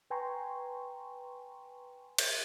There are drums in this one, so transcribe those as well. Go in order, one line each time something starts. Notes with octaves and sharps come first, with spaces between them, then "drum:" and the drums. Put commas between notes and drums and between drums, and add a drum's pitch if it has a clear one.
B4 G5 G#5 A#5 C6 C#6
drum: cymbal